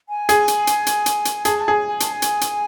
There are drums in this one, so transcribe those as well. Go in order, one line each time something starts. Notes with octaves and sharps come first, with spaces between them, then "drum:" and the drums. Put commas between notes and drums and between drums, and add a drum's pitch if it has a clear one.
G#5
G#4, drum: hi-hat
drum: hi-hat
drum: hi-hat
drum: hi-hat
drum: hi-hat
drum: hi-hat
G#4 A5, drum: hi-hat
A5
G#4
G#5
G#5
A5, drum: hi-hat
G#5
drum: hi-hat
drum: hi-hat